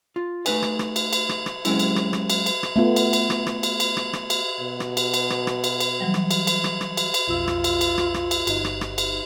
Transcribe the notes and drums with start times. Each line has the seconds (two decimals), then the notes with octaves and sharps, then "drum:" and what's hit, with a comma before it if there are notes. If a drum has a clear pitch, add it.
0.16 F4
0.46 A3 D#4 B4 G#5, drum: cymbal
0.62 drum: rim click
0.79 drum: rim click
0.96 drum: cymbal
1.13 drum: cymbal
1.29 drum: rim click
1.46 drum: rim click
1.65 F#3 G#3 A#3 C4 C#4 E4, drum: cymbal
1.79 drum: cymbal
1.96 drum: rim click
2.13 drum: rim click
2.30 drum: cymbal
2.46 drum: cymbal
2.63 drum: rim click
2.76 A3 B3 F4
2.96 drum: cymbal
3.13 drum: cymbal
3.30 drum: rim click
3.47 drum: rim click
3.63 drum: cymbal
3.80 drum: cymbal
3.97 drum: rim click
4.13 drum: rim click
4.30 drum: cymbal
4.60 B2
4.80 drum: rim click
4.97 drum: cymbal
5.14 drum: cymbal
5.30 drum: rim click
5.47 drum: rim click
5.64 drum: cymbal
5.80 drum: cymbal
6.00 E3 F#3 G3
6.14 drum: rim click
6.31 drum: cymbal
6.47 drum: cymbal
6.64 drum: rim click
6.81 drum: rim click
6.97 drum: cymbal
7.14 drum: cymbal
7.28 B1 F2 F4 E6
7.48 drum: rim click
7.64 drum: cymbal
7.81 drum: cymbal
7.98 drum: rim click
8.14 drum: rim click
8.31 drum: cymbal
8.47 G1 D#4, drum: cymbal
8.65 drum: rim click
8.81 drum: rim click
8.98 drum: cymbal